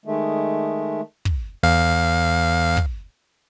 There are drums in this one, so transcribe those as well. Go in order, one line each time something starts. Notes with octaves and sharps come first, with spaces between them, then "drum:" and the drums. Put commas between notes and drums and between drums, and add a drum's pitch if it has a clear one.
D#3 G#3 A3
drum: kick
E2 F5
drum: kick